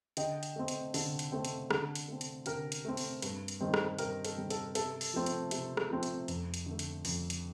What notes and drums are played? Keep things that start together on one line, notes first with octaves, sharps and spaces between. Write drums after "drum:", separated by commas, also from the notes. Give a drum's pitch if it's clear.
D3 D#5 G5, drum: hi-hat
drum: hi-hat
A3 C4
drum: hi-hat
D3, drum: open hi-hat
drum: hi-hat
A3 C4
drum: hi-hat
D3, drum: rim click
drum: hi-hat
A3 C4
drum: hi-hat
D3 G4 A#4, drum: hi-hat
drum: hi-hat
A3 C4
drum: open hi-hat
G2, drum: hi-hat
drum: hi-hat
D#3 G3 C4
drum: rim click
G2 G4 A#4, drum: hi-hat
A4, drum: hi-hat
D#3 G3 C4
A4, drum: hi-hat
C3 A4, drum: hi-hat
drum: open hi-hat
F3 A3 C4
drum: hi-hat
C3, drum: hi-hat
drum: rim click
F3 A3 C4
drum: hi-hat
F2, drum: hi-hat
drum: hi-hat
D3 A3
drum: hi-hat
F2, drum: open hi-hat
drum: hi-hat